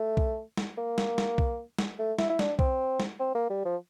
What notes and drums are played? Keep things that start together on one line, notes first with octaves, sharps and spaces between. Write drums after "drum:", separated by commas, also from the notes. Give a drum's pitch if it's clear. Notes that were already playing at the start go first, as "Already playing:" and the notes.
Already playing: A3
drum: kick B1
drum: snare
A#3
drum: snare
drum: snare
drum: kick B1
drum: snare
A3
E4, drum: snare
E4
D4, drum: snare
C4, drum: kick B1
drum: snare
C4
A#3
G3
F3